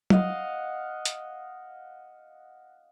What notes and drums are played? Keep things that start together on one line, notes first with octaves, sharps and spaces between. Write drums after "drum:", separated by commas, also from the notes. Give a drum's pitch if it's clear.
D#5 F5 F#5, drum: tom F#3
drum: hi-hat